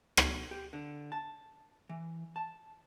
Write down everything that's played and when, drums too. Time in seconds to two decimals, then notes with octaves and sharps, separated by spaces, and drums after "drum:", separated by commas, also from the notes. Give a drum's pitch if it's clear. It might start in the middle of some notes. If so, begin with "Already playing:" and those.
0.17 drum: rim click
0.51 G4
0.73 D3
1.12 A5
1.89 E3
2.36 A5